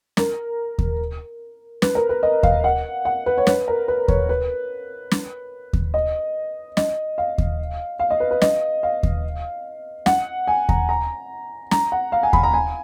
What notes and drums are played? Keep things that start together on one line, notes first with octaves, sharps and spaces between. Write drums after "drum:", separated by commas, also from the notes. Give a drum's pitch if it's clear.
A#4, drum: snare
drum: kick D#2
B4, drum: snare
A#4
B4
D#5
F5, drum: kick D#2
F#5
F#5
B4
C#5
B4, drum: snare
A#4
B4
C#5, drum: kick D#2
B4
drum: snare
drum: kick D#2
D#5
D#5, drum: snare
F5
drum: kick D#2
F5
D#5
B4
B4
D#5, drum: snare
F5
drum: kick D#2
F#5, drum: snare
G#5
A#5, drum: kick D#2
A#5
A#5, drum: snare
F#5
F5
G#5
B5, drum: kick D#2
A#5
G#5